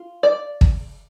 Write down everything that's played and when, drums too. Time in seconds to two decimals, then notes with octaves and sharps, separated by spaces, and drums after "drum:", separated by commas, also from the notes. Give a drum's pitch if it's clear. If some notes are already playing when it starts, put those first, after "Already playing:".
Already playing: F4
0.23 D5
0.61 drum: kick